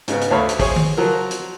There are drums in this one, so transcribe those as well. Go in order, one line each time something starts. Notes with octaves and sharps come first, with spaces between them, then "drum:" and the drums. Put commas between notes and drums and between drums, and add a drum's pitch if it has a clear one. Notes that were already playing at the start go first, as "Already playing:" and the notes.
G#2 C#3 B3, drum: hi-hat
drum: hi-hat
D2 A3 C#5 F5 B5
drum: hi-hat
G#4 C5 C#5 G#5, drum: kick, open hi-hat
drum: tom D#3
F3 F#3 A#4
drum: hi-hat